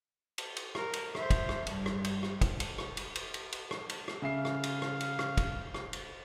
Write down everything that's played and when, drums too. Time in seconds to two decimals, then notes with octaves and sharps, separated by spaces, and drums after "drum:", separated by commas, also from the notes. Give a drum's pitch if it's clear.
0.38 drum: cymbal
0.56 drum: cymbal
0.75 A#4, drum: rim click
0.93 drum: cymbal
1.15 C5 E5, drum: rim click
1.30 drum: kick, cymbal
1.49 drum: rim click
1.67 G2, drum: cymbal
1.86 drum: rim click
2.04 drum: cymbal
2.23 drum: rim click
2.41 drum: kick, cymbal
2.60 drum: cymbal
2.78 drum: rim click
2.97 drum: cymbal
3.15 drum: cymbal
3.34 drum: cymbal
3.52 drum: cymbal
3.71 drum: rim click
3.89 drum: cymbal
4.08 drum: rim click
4.22 C#3 E5 F5 C7
4.45 drum: rim click
4.63 drum: cymbal
4.82 drum: rim click
5.00 drum: cymbal
5.19 drum: rim click
5.37 drum: kick, cymbal
5.74 drum: rim click
5.93 drum: cymbal